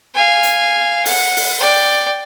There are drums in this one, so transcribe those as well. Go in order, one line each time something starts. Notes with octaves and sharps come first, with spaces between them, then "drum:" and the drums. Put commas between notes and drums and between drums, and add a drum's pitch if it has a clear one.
F5 G#5
drum: hi-hat
F#5, drum: open hi-hat
drum: open hi-hat
D5 G5